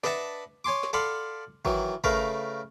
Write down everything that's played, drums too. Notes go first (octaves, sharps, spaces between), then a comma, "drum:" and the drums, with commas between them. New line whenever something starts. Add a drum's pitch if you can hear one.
D4 B4 D#5 E5 F#5 A5, drum: snare
C#5 G#5 C6 D6
drum: snare
A4 D5 F5 F#5 B5 C6
D#3 E3 F#3, drum: kick
C#3 A3 A#4 B4 F5 A#5, drum: kick